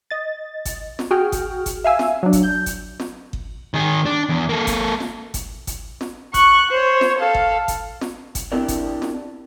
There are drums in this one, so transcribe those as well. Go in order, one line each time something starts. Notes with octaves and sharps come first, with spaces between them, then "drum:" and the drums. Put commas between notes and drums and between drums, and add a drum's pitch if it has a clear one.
D#5 A6
drum: kick G1, hi-hat
drum: snare
F#4 G#4 G5 F6
drum: kick G1, hi-hat
drum: kick G1, hi-hat
E5 F5 G#5 E6
drum: snare
F#3 D4
drum: kick G1, hi-hat
G6
drum: kick G1, hi-hat
drum: snare
drum: kick G1
D#3 G#4
D4
E2
A#3 A4
drum: kick G1, hi-hat
drum: snare
drum: kick G1, hi-hat
drum: kick G1, hi-hat
drum: snare
C#6 F#6, drum: kick G1, hi-hat
C5 C#5
drum: snare
A4 F5
drum: kick G1
drum: kick G1, hi-hat
drum: snare
drum: kick G1, hi-hat
C4 D4 E4 G4 A#4 D5
drum: kick G1, hi-hat
drum: snare